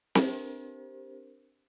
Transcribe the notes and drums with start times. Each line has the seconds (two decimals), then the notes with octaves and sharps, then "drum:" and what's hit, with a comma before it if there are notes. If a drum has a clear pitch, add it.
0.15 C4 D4 G4 A#4 C5, drum: snare C4